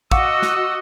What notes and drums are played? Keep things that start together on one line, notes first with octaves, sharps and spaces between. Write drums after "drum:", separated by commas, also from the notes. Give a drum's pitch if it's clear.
F#4 D#5 F5 F#5 C#6 D6 E6 C#7, drum: kick
drum: snare